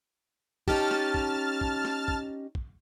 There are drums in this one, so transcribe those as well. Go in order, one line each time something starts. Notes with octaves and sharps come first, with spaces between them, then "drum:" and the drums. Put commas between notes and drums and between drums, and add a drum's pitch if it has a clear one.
C#4 D#4 G4 A5 F6 A6, drum: kick
drum: snare
drum: kick
drum: kick
drum: snare
drum: kick
drum: kick